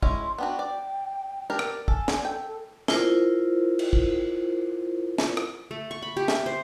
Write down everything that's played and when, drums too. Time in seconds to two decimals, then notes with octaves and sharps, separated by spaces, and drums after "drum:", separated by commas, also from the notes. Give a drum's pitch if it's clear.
0.02 G#3 C#4 E4 C6, drum: kick
0.38 B3 D4 F#4 G5
0.59 D5
1.50 D4 G4 A#4
1.59 drum: rim click
1.88 A4 G#5, drum: kick
2.08 drum: snare
2.25 A4 G5
2.88 E4 F4 A#4 C5, drum: snare
3.79 drum: cymbal
3.93 drum: kick
5.18 drum: snare
5.37 drum: rim click
5.71 A3
5.91 C#6
6.02 B5
6.17 G4
6.28 E5, drum: snare
6.46 C5